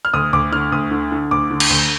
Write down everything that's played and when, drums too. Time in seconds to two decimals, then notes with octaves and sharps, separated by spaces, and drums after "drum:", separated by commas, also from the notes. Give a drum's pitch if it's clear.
0.05 F6
0.13 D2 D#6
0.33 D2 D6
0.52 D3 F6
0.72 D2 D#6
0.91 D3
1.12 D3
1.31 D2 D6
1.51 D3
1.60 drum: cymbal
1.70 D2